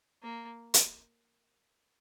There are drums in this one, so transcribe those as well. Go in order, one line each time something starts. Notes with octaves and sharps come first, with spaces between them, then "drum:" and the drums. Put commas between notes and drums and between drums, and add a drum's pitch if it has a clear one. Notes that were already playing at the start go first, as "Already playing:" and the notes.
A#3
drum: hi-hat